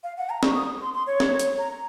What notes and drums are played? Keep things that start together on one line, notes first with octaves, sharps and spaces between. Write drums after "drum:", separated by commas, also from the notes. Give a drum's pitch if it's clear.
F5
F#5
A#5
C#6, drum: snare
D#6
C6
C6
C#5
drum: snare
drum: hi-hat
A#5